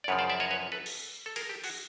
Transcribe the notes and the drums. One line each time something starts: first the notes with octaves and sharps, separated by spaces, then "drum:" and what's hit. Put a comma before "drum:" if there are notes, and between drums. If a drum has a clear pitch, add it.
D5
F#2 C#3 F3 B4 C#5
C5 D5
D5 E5
C#5 D#5
B4 C#5
A4 B4
drum: cymbal
A4
G#4 A#4, drum: cymbal
G4 A4
F#4 G#4, drum: cymbal